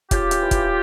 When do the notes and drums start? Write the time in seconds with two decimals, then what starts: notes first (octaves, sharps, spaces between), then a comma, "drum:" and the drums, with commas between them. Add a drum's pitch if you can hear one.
0.11 C#3 F4 G4, drum: kick, hi-hat
0.31 drum: hi-hat
0.41 E3
0.51 drum: kick, hi-hat